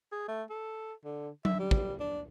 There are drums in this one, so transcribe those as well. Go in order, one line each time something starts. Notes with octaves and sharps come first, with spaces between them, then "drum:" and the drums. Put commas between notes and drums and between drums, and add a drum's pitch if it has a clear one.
G#4
A3
A4
D3
E5, drum: tom F#3
G3
drum: kick
D4